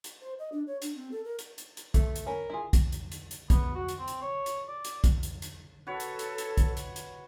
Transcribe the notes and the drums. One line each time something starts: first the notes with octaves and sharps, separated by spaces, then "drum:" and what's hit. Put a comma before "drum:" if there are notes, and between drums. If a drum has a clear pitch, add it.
drum: hi-hat
C5
D#5
D4
C#5
D4, drum: hi-hat
C4
A4
A#4
drum: hi-hat
drum: hi-hat
drum: hi-hat
A3, drum: kick, hi-hat
drum: hi-hat
C#4 A#4 B5
E4 F4 G#4
drum: kick, hi-hat
drum: hi-hat
drum: hi-hat
drum: hi-hat
B3, drum: kick, hi-hat
F#4
drum: hi-hat
C4
drum: hi-hat
C#5
drum: hi-hat
D5
drum: hi-hat
drum: kick, hi-hat
drum: hi-hat
drum: hi-hat
F#4 A4 B4 C#5
drum: hi-hat
drum: hi-hat
drum: hi-hat
drum: kick, hi-hat
drum: hi-hat
drum: hi-hat